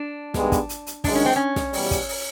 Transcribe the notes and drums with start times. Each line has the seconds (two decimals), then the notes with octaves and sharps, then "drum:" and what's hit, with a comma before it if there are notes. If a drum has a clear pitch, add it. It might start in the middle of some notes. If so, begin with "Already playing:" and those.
Already playing: D4
0.34 G2 D#3 G#3 B3, drum: snare
0.52 drum: kick, hi-hat
0.69 drum: hi-hat
0.87 drum: hi-hat
1.04 F#2 D#3 G#3 D4, drum: kick, open hi-hat
1.15 C#4
1.25 C4
1.36 C#4
1.56 drum: snare
1.73 E2 B2 G3, drum: open hi-hat
1.91 drum: kick, hi-hat
2.08 drum: open hi-hat